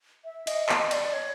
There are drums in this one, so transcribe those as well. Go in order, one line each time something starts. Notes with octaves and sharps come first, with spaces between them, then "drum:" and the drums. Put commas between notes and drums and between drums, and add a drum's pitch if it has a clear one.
E5
D#5, drum: cymbal
D#5, drum: clap
D5, drum: cymbal
C#5